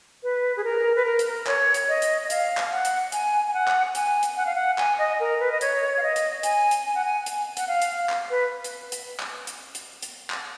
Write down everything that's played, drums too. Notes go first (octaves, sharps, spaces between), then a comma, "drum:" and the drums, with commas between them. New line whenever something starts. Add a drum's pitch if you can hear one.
B4
G#4
A#4
B4
A#4
drum: hi-hat
C#5, drum: clap
drum: hi-hat
D#5
drum: hi-hat
D#5
F5, drum: hi-hat
drum: clap
F#5
drum: hi-hat
G#5, drum: hi-hat
G#5
F#5
drum: clap
G#5, drum: hi-hat
drum: hi-hat
F#5
F5
F#5
G#5, drum: clap
D#5
A#4
B4
D#5
C#5, drum: hi-hat
F5
D#5
drum: hi-hat
G#5, drum: hi-hat
drum: hi-hat
G#5
F#5
G#5
drum: hi-hat
F#5, drum: hi-hat
F5
drum: hi-hat
drum: clap
B4
drum: hi-hat
drum: hi-hat
drum: clap
drum: hi-hat
drum: hi-hat
drum: hi-hat
drum: clap